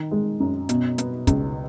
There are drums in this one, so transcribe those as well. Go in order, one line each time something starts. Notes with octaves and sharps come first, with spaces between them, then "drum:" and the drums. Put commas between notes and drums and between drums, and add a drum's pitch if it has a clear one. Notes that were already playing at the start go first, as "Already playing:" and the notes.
Already playing: D#3
G#3
F#2
B2, drum: hi-hat
B3, drum: hi-hat
C#2, drum: kick, hi-hat